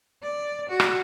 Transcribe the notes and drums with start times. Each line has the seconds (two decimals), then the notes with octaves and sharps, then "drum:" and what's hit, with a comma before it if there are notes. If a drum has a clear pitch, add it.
0.23 D5
0.69 F#4
0.80 drum: rim click